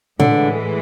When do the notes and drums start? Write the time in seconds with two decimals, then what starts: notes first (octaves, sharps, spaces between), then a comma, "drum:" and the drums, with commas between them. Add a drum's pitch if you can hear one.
0.20 A2 D3 E3 G#3, drum: tom